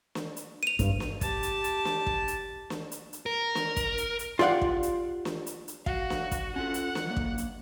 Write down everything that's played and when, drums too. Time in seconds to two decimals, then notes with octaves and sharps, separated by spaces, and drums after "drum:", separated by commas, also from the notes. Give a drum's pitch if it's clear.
0.15 drum: snare
0.37 drum: hi-hat
0.63 D#7 F7
0.79 G2, drum: kick, hi-hat
1.00 drum: snare
1.21 G4 A5, drum: kick, hi-hat
1.43 drum: hi-hat
1.64 drum: hi-hat
1.85 drum: snare
2.07 drum: kick
2.28 drum: hi-hat
2.70 drum: snare
2.92 drum: hi-hat
3.13 drum: hi-hat
3.26 A#4
3.55 drum: snare
3.77 drum: kick, hi-hat
3.98 drum: hi-hat
4.19 drum: hi-hat
4.39 F4 G4 D5 F5 F#5, drum: snare
4.62 drum: kick
4.83 drum: hi-hat
5.25 drum: snare
5.47 drum: hi-hat
5.68 drum: hi-hat
5.86 F#4 F5 F#5, drum: kick
6.10 drum: snare
6.32 drum: kick, hi-hat
6.56 C#4 F4 A4 F#5
6.74 drum: hi-hat
6.95 drum: snare
7.07 F#3 A#3
7.17 drum: kick
7.38 drum: hi-hat